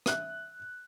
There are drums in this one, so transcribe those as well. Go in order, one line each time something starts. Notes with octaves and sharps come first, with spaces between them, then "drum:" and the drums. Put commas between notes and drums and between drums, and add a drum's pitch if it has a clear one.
E5 F#6, drum: rim click